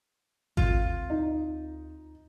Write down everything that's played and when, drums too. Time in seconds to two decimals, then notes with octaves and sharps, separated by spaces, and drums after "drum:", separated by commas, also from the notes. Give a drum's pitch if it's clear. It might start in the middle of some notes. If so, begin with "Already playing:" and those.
0.57 D2 C4 F4, drum: kick G#1
1.10 D#4